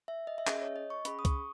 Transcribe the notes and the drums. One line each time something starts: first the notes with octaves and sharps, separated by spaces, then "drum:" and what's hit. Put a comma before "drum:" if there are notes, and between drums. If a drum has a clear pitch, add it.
E5
D#5
E5
C#4 G#4 D#5, drum: clap
C#5
D#5
C#6
C#4 G#4 B5, drum: hi-hat
D#6
C#6, drum: kick C#2, hi-hat